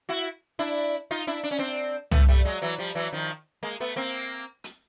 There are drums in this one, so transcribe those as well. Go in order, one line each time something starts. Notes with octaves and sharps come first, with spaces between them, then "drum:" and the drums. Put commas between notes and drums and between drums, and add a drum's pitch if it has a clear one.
E4 F#4
D4 E4
D#4 F4
D4 E4
D4
C#4
C4 D4
A3 B3, drum: tom
G3 A3
F#3 G#3
E3 F#3
F3 G3
E3 F#3
D#3 F3
G#3 A#3
A3 B3
A#3 C4
drum: hi-hat